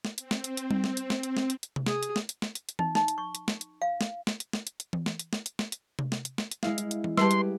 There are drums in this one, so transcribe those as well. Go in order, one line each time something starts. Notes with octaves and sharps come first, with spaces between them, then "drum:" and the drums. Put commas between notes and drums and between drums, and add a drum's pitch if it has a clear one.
drum: snare
C4, drum: hi-hat
drum: snare
drum: hi-hat
drum: hi-hat
drum: tom G3
drum: snare
drum: hi-hat
drum: snare
drum: hi-hat
drum: snare
drum: hi-hat
drum: hi-hat
drum: tom C3
G#4, drum: snare
drum: hi-hat
drum: snare
drum: hi-hat
drum: snare
drum: hi-hat
drum: hi-hat
D#4, drum: tom E3
D#4, drum: snare
drum: hi-hat
C#6
drum: hi-hat
drum: snare
drum: hi-hat
F5
drum: snare
drum: snare
drum: hi-hat
drum: snare
drum: hi-hat
drum: hi-hat
drum: tom E3
drum: snare
drum: hi-hat
drum: snare
drum: hi-hat
drum: snare
drum: hi-hat
drum: tom C3
drum: snare
drum: hi-hat
drum: snare
drum: hi-hat
G#3 E4 F5, drum: snare
drum: hi-hat
drum: hi-hat
drum: tom E3
G3 G4 G#4 B4 A5 C6, drum: snare
drum: hi-hat